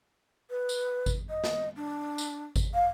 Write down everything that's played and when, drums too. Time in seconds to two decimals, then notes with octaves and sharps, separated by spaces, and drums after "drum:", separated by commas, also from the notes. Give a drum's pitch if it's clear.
0.50 B4
0.69 drum: tambourine
1.06 drum: kick G#1, tambourine
1.29 D#5
1.44 drum: snare
1.76 D4
2.18 drum: tambourine
2.56 drum: kick G#1, tambourine
2.74 F5